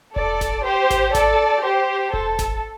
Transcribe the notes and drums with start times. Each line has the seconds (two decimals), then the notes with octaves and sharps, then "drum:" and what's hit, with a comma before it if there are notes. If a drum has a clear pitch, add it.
0.16 A4 D5, drum: kick E1
0.41 drum: snare G#1
0.65 G4 C5
0.91 drum: snare G#1
1.15 A4 D5, drum: snare G#1
1.64 G4 C5
2.13 A4, drum: kick E1
2.39 drum: snare G#1